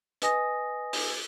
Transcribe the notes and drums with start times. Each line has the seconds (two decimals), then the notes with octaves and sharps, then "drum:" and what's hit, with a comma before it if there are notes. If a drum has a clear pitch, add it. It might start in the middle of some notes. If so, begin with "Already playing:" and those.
0.22 B4 D#5 G#5 D#6 A#6, drum: hi-hat
0.93 drum: open hi-hat